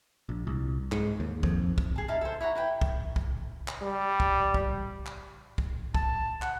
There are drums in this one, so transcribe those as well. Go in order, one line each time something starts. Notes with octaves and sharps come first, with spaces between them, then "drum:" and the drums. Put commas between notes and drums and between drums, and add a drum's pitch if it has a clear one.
A#1
C2
G#2, drum: clap
D#2
F2, drum: kick
drum: kick
G#4 A5
D#4 E4 F5 A5
A4 C5
E4 C#5 F#5 A#5
E4 B4 G5
drum: kick
drum: kick
drum: clap
G3
drum: kick
drum: kick
drum: clap
drum: kick
A5, drum: kick
F#5, drum: clap